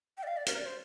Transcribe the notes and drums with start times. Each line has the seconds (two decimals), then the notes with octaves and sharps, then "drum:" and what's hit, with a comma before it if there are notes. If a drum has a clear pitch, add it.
0.17 G5
0.23 D5
0.27 F5
0.37 D5
0.47 A#4, drum: hi-hat
0.56 D5
0.66 C5